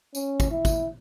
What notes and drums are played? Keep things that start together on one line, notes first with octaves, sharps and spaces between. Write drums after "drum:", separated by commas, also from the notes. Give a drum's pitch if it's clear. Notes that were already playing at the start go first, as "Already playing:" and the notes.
C#4, drum: tambourine
drum: kick, tambourine
E4
drum: kick, tambourine